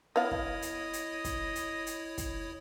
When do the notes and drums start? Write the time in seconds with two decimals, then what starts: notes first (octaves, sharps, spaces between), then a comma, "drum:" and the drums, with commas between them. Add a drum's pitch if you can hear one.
0.16 B3 E4 C#5 D#5 F5
0.31 drum: kick
0.62 drum: hi-hat
0.93 drum: hi-hat
1.24 drum: kick, hi-hat
1.55 drum: hi-hat
1.87 drum: hi-hat
2.18 drum: kick, hi-hat